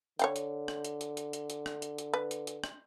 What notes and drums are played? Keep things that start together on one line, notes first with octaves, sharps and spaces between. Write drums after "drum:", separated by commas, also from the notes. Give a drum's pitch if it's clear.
D3 C#5 F5 G5, drum: hi-hat
drum: hi-hat
drum: rim click
drum: hi-hat
drum: hi-hat
drum: hi-hat
drum: hi-hat
drum: hi-hat
drum: rim click
drum: hi-hat
drum: hi-hat
B4
drum: hi-hat
drum: hi-hat
drum: rim click